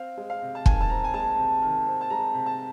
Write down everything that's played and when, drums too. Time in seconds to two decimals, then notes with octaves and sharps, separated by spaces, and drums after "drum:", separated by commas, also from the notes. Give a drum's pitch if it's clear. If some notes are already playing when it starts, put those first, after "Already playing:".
Already playing: C4 F5
0.17 G#3
0.30 F5
0.42 C3
0.55 A5
0.66 D#3 G#5, drum: kick
0.81 A5
0.90 C4 A#5
1.04 G#5
1.14 G#3 A5
1.38 C3
1.62 D#3
1.86 C4
2.01 A5
2.10 G#3 A#5
2.34 C3
2.46 A5